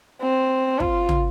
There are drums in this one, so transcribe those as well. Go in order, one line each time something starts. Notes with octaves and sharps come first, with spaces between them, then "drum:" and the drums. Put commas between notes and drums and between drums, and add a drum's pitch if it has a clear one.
C4
F4, drum: kick
drum: tom